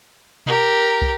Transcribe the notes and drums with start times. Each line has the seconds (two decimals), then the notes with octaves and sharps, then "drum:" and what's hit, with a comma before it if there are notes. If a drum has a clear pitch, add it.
0.46 G4 A#4, drum: tom B2
1.02 drum: kick